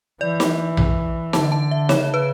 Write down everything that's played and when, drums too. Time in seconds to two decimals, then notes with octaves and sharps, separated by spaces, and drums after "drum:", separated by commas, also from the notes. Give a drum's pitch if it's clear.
0.21 E3 D5
0.40 drum: snare
0.77 drum: tom A#1
1.33 D3 A5, drum: snare
1.52 A5
1.71 E5
1.89 C#3 C#5, drum: snare
2.14 B4